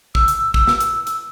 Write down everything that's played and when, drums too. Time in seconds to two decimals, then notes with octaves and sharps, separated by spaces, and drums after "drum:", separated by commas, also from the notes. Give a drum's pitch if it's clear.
0.15 E6, drum: kick
0.28 drum: hi-hat
0.54 drum: kick
0.67 drum: snare
0.81 drum: hi-hat
1.07 drum: hi-hat